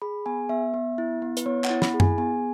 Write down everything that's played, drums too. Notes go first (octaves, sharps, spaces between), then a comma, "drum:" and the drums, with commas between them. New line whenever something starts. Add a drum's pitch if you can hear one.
G#4 B5
B3 G#5
B3 E5
B3
E4
B3
B4, drum: hi-hat
B3 C#5
F#5, drum: clap
E4
B5, drum: snare
G#4
G#5, drum: tom F#2
B3 G#5